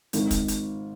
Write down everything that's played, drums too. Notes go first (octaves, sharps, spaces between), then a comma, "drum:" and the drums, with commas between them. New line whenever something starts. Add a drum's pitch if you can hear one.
G#1 G#2 D#3, drum: hi-hat
drum: kick, hi-hat
drum: hi-hat